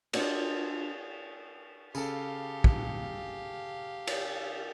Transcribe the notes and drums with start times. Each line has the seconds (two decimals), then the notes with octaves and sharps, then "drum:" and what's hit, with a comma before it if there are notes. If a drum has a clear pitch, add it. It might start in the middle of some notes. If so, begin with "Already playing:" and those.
0.13 D4 F4 F#4 G#4 D5 D#5, drum: cymbal
1.95 C#3 G4 A4 F5, drum: tambourine
2.64 drum: kick
4.07 drum: cymbal